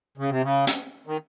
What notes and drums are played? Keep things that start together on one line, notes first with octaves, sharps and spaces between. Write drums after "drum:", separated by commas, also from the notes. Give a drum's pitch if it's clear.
C#3
C3
C#3
drum: hi-hat
D#3